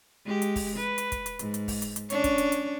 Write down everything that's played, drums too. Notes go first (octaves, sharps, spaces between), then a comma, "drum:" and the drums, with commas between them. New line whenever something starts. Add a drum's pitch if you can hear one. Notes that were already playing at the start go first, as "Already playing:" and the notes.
G#3 G4
drum: hi-hat
drum: kick, open hi-hat
B4
drum: hi-hat
drum: kick, hi-hat
drum: hi-hat
G#2, drum: hi-hat
drum: hi-hat
drum: kick, open hi-hat
drum: hi-hat
drum: hi-hat
C#4 D4 C#5, drum: hi-hat
drum: kick, hi-hat
drum: hi-hat
drum: hi-hat